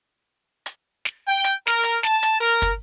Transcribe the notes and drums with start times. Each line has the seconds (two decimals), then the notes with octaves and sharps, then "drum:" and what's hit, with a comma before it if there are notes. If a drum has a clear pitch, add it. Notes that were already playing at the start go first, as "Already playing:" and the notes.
0.66 drum: hi-hat
1.05 drum: snare
1.28 G5
1.44 drum: hi-hat
1.67 A#4, drum: snare
1.84 drum: hi-hat
2.03 A5, drum: snare
2.23 drum: hi-hat
2.40 A#4
2.62 drum: kick, hi-hat